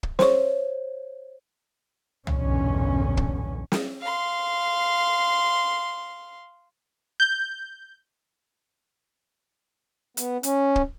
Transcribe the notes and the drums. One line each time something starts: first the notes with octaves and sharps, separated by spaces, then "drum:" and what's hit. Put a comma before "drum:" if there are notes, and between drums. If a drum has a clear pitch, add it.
drum: kick
C5 C#5, drum: snare
B1 E2 G2 A#2 D3 C#4, drum: tom C2
drum: kick
drum: snare
F5 C6
G6
B3, drum: hi-hat
C#4, drum: hi-hat
drum: kick